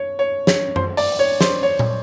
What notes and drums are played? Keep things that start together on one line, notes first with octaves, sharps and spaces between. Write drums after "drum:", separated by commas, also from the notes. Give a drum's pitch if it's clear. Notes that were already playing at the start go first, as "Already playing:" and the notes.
Already playing: C#5
C#5
C#5, drum: snare
C5, drum: tom F#2
D5, drum: open hi-hat
C#5
C5, drum: snare
C#5
drum: tom A#2